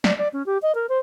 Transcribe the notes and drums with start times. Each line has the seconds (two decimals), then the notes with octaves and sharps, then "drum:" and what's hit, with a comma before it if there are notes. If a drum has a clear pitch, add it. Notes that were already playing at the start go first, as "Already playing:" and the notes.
0.04 D5, drum: snare
0.17 D5
0.33 C#4
0.46 G4
0.62 D#5
0.75 A#4
0.89 C5